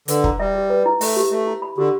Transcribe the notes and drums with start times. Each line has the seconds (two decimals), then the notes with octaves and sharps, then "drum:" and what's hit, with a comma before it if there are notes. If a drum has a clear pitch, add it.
0.08 D3 B4, drum: hi-hat
0.24 E4, drum: kick
0.40 G3 E5
0.54 G4
0.70 B4
0.86 E4
1.01 A3 E5, drum: open hi-hat
1.16 G4
1.32 A3 E5
1.47 E4
1.62 B5
1.78 D3 G4